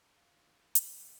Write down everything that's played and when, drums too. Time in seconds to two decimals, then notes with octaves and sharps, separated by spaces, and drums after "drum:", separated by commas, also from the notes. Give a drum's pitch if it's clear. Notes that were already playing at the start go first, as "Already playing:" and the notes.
Already playing: D3
0.17 F4
0.31 D#3
0.46 C5
0.75 D#4, drum: hi-hat
1.03 F5